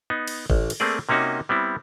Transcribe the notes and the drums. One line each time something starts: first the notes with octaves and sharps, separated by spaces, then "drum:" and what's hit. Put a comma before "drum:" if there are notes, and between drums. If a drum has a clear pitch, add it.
B3 D#4
drum: cymbal
A1, drum: kick
drum: cymbal
A3 A#3 C4 G#4 D5
C3 A#3 C#4 D#4 F#4
G3 B3 C4 E4